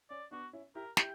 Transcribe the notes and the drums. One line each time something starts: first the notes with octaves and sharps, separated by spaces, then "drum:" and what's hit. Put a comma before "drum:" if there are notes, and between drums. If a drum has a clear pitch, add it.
C#4 D5
B3 D4 F#4
C#4 E4
E4 G4 A#4
E4 G4 G5, drum: snare